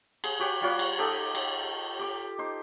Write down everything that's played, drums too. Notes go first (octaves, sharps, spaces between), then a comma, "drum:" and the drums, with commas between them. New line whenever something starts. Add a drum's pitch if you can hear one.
G#4, drum: cymbal
F#4 G4 C#5
G3 F4 C#5 F#5
drum: cymbal
D#4 G4 A4 D#5
drum: cymbal
G4 D6
D#4 C5